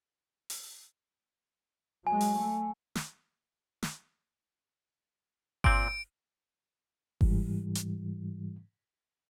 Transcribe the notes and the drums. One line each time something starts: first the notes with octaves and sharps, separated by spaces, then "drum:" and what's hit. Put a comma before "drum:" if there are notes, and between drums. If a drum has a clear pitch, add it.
drum: open hi-hat
F#3 G#3 G#5
drum: open hi-hat
A3
drum: snare
drum: snare
A#2 C4 D7, drum: kick G1
G#2 E3 G3, drum: kick G1
drum: hi-hat